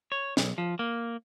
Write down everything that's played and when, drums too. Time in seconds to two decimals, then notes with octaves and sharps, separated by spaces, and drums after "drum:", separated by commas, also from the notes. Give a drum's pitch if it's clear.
0.12 C#5
0.37 B1, drum: snare
0.58 F3
0.79 A#3